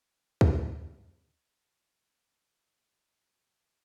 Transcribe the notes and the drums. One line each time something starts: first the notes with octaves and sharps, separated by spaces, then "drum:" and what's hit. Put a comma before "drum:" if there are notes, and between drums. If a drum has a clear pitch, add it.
A#4, drum: kick
C5
A#4
A#4
C5
A#4
A#4
C5